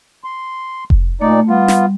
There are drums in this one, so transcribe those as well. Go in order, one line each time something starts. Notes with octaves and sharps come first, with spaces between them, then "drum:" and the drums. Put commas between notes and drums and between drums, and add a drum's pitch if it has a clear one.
C6
drum: kick F1
A#2 A3 D#4 D5
G3 B3 F4
drum: snare